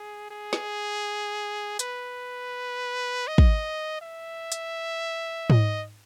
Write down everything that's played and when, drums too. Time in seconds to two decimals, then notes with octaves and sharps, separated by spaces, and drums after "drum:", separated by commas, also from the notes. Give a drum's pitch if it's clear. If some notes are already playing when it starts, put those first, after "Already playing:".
Already playing: G#4
0.31 G#4
0.53 drum: snare
1.79 B4, drum: hi-hat
3.28 D#5
3.38 drum: kick
4.02 E5
4.52 drum: hi-hat
5.50 D#5, drum: tom G#2